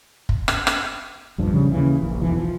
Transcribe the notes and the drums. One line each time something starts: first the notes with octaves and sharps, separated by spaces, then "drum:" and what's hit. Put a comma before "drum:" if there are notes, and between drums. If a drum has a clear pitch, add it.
drum: kick
drum: rim click
drum: rim click
A#1 E2 G2 F3
C#3 F3 G3
D#2 C#3 E3
D#1 A#1
E1 B1 E2 E3
F3